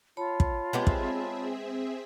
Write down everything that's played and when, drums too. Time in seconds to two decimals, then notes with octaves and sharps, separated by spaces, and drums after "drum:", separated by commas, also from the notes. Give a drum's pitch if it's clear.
0.17 F4 C#5 A5 B5
0.40 drum: kick
0.73 G#3 B3 C4 G4 G#4 E5
0.87 drum: kick